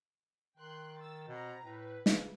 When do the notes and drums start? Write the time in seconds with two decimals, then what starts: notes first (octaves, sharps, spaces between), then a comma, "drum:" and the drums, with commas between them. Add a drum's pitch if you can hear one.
0.58 D#3 G5 C6 F#6
0.99 E6 A6
1.28 B2 C4 A#5
1.64 A2 B4
2.06 C#3, drum: snare